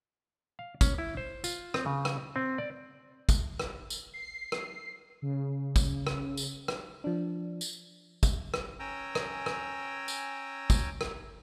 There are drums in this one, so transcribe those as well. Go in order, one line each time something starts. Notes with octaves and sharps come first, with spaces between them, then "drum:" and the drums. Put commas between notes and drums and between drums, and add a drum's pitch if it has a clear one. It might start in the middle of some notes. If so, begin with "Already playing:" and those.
F5
C#4, drum: kick, tambourine
E4
C5
F4, drum: tambourine
C4, drum: rim click
C#3
drum: rim click
C4
D5
drum: kick, tambourine
drum: rim click
drum: tambourine
C7
drum: rim click
C#3
drum: kick, tambourine
drum: rim click
drum: tambourine
drum: rim click
F3 D4
drum: tambourine
drum: kick, tambourine
drum: rim click
C#4 G5 G#5 A#5 E6
drum: rim click
drum: rim click
drum: tambourine
drum: kick, tambourine
drum: rim click